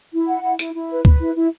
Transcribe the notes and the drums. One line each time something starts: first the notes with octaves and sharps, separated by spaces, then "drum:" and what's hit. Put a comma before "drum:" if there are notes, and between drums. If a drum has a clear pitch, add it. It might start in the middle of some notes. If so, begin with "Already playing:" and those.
E4
F#5
E4
E4, drum: hi-hat
E4
B4
B4, drum: kick D2
E4
E4